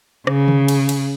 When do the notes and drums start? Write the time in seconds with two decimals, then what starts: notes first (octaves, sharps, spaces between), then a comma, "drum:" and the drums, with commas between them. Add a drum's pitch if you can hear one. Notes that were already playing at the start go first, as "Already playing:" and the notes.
0.27 C#3, drum: rim click
0.48 drum: tom D3
0.68 drum: cymbal
0.89 drum: cymbal